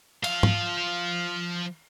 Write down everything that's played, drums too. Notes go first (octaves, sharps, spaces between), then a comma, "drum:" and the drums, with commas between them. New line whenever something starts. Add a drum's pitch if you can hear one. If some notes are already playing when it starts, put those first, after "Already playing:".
F3 F5, drum: cymbal
drum: tom